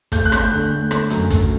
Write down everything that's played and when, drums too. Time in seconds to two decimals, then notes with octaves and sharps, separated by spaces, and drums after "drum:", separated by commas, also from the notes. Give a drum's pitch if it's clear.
0.12 A3 G6, drum: kick, hi-hat
0.25 F#6
0.32 A3, drum: rim click
0.38 G6
0.51 D3
0.71 A3
0.91 A3, drum: rim click
1.10 F#2, drum: hi-hat
1.30 A3, drum: kick, hi-hat